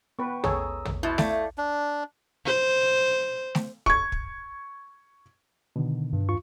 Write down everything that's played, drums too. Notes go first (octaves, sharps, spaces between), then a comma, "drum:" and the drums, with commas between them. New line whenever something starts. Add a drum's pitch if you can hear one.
B3 B4 G5 C#6
G#4 A4 C#5 A#5 D#6 E6, drum: tom
drum: tom
B2 E4 A5 G6 G#6
A3 D5 F5, drum: snare A3
D4
C5
drum: snare A3
C#6 G#6, drum: kick
drum: kick
B2 D3 D#3
G2
D#2 F4 C#6